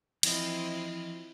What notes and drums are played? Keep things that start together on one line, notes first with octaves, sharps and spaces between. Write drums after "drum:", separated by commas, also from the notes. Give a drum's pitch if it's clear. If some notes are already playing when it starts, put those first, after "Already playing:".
E3 F3 C4 E4 D#5, drum: cymbal